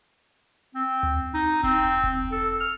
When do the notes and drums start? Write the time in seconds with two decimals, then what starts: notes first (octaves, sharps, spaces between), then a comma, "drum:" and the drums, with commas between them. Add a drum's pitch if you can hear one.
0.75 C4
1.03 drum: tom D2
1.34 D#4
1.63 C4, drum: kick E1
2.04 drum: kick E1
2.32 A4
2.60 F6